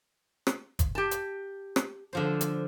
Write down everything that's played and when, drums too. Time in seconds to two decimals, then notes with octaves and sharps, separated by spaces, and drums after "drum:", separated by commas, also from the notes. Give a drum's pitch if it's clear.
0.47 drum: rim click
0.79 drum: kick, hi-hat
0.95 G4 A5
1.11 drum: hi-hat
1.76 drum: rim click
2.13 D3 F3 C5
2.41 drum: hi-hat